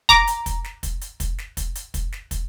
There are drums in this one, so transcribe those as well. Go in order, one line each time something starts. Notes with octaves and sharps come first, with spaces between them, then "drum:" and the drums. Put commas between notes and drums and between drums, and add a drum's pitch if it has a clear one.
A#5 D6, drum: kick, hi-hat
drum: hi-hat
drum: kick, hi-hat
drum: snare
drum: kick, hi-hat
drum: hi-hat
drum: kick, hi-hat
drum: snare
drum: kick, hi-hat
drum: hi-hat
drum: kick, hi-hat
drum: snare
drum: kick, hi-hat